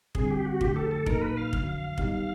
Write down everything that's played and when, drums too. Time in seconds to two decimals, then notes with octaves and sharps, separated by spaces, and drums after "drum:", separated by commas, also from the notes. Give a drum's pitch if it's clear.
0.15 D3 G3 C4 G#4, drum: kick
0.30 G4
0.45 F#4
0.61 F2 D3 F#3 A3 G4, drum: kick
0.76 A4
0.91 A4
1.06 A#2 F#3 A#3 D#4 A#4, drum: kick
1.22 B4
1.37 F5
1.53 F2 D3 F#3, drum: kick
1.98 D#3 G3 B3 D#4 G4, drum: kick